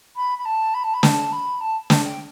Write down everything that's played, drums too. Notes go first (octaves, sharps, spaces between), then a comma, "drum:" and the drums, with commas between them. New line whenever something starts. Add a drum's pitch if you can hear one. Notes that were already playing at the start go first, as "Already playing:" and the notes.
B5
B5
A5
B5
A5
B5
A5, drum: snare
B5
A5
A5, drum: snare
G5